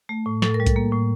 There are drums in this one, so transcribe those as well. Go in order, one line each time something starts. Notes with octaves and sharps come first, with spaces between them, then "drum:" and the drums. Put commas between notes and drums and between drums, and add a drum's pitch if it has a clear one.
A3
A2
A2 A4, drum: snare
A#4
G3
A4, drum: kick B1, hi-hat
A#3
A2